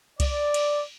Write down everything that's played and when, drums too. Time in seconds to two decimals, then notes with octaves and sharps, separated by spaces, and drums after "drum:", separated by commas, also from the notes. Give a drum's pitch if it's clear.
0.20 D5, drum: kick C2, cymbal
0.54 drum: cymbal